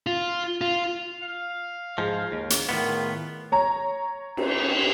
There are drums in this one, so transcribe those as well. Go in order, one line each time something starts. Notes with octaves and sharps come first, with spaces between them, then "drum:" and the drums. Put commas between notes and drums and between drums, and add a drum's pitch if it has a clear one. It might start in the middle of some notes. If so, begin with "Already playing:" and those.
F4
F4
F5
G#2 F3 G#4
D#2
drum: hi-hat
A2 D#3 B3 F4
C#5 A#5
drum: cymbal